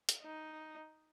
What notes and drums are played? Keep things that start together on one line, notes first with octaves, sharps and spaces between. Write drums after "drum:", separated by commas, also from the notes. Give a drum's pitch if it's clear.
drum: hi-hat
D#4